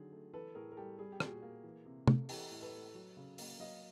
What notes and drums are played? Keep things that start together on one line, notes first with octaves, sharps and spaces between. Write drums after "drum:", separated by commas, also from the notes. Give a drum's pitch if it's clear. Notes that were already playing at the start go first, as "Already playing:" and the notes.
Already playing: D3 D#3 F#3 G#4
A3
E3 A4 B4
A2 G#4 A#4
A#4
G3 G4 A4
G3 G#4
G4
A#2, drum: rim click
F#4 G#4
A#3
E3
C3
A3, drum: tom
E3 G4 A4, drum: open hi-hat
A2
A4 B4
A3
F#3
C#3
A#3, drum: open hi-hat
F#3 D#5 F5